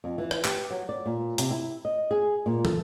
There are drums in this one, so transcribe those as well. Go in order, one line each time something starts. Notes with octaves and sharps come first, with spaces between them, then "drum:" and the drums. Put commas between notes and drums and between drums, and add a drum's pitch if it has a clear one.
F2
E3
drum: rim click
G4, drum: clap
F#3
D5
A#2
C3, drum: hi-hat
E4
D#5
G#4
A#2
A4, drum: tom